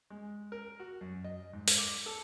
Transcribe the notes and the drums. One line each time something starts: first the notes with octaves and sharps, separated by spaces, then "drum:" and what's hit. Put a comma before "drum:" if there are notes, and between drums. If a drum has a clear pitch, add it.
G#3
A#4
F#4
F#2
D#5
G#2
drum: open hi-hat
D6
A4